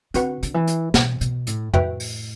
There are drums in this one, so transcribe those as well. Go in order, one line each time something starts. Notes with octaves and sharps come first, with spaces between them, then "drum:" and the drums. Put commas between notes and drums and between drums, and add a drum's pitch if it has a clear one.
D3 C4 F#4 B4 F#5, drum: hi-hat
D3, drum: hi-hat
E3
drum: hi-hat
B2, drum: snare
B2, drum: hi-hat
A2, drum: hi-hat
A2 F#4 B4 E5 G5, drum: tom F2
drum: open hi-hat